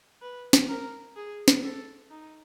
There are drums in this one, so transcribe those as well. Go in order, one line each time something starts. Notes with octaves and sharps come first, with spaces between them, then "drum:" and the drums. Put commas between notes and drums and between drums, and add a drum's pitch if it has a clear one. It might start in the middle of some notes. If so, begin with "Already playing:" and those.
B4
drum: snare
A#4
G#4
drum: snare
A4
D#4